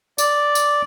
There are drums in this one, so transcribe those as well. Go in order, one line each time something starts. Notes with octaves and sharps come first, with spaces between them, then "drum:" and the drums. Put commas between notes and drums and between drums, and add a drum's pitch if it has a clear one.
D5, drum: tambourine
drum: tambourine